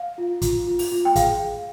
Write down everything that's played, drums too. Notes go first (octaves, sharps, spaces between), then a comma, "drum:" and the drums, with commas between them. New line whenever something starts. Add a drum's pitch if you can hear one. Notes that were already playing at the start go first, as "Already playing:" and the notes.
Already playing: F5
F4
F4, drum: kick, hi-hat
F4
drum: open hi-hat
F4
G5
G#4 F5, drum: kick, hi-hat